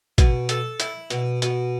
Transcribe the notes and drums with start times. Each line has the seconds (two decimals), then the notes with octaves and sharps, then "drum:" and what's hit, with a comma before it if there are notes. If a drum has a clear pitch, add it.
0.18 B2, drum: kick A1, hi-hat
0.49 A4, drum: hi-hat
0.80 E4, drum: hi-hat
1.10 B2, drum: hi-hat
1.42 B2, drum: hi-hat